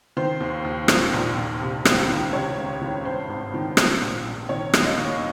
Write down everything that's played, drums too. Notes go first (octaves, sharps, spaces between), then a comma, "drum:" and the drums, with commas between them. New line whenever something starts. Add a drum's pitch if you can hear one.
D#3 C5
D#2
D#2
A#2, drum: rim click
A#1
A#1
C3
C#2, drum: rim click
D#3
C3 C#5
C#2
D#3
G2 C5
G#1
D#3
A#2, drum: rim click
A#1
A#1
D#3 C#5
D#2, drum: rim click
D#5
D#2